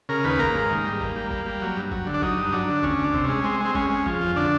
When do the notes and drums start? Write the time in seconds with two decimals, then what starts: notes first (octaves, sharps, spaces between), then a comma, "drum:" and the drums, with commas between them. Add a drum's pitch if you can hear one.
0.09 C#3 A#4
0.24 D#2 B4
0.39 A#3 A#4, drum: kick G1
0.54 G#2
0.70 D#3
0.85 G3
1.01 A#3, drum: kick G1
1.16 G3
1.31 A#3, drum: kick G1
1.46 G3
1.62 F#3
1.77 G2
1.91 F#3, drum: kick G1
2.07 D3
2.14 D4
2.22 F#3 D#4, drum: kick G1
2.38 G2
2.52 F#3 D4
2.69 D3
2.83 D2 C#4, drum: kick G1
2.98 D2
3.04 D4
3.14 C3, drum: kick G1
3.24 G#3 C#4
3.44 G#3 C4
3.60 G#3 C4
3.75 G#3 C#4, drum: kick G1
3.90 G#3
4.06 F3, drum: kick G1
4.21 F2
4.36 D3 D4